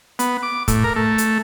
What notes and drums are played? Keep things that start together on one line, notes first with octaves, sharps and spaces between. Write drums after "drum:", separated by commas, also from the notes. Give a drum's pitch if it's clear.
B3, drum: hi-hat
D6
A2, drum: kick, hi-hat
A#4
A3
drum: hi-hat